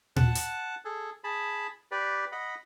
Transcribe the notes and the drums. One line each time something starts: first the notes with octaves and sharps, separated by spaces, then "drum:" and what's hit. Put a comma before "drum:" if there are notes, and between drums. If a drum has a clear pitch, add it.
F#5 A5 F#6, drum: tom A#2
drum: hi-hat
G#4 A4
G#4 A5 B5
G4 B4 D5
D#5 F#5 B5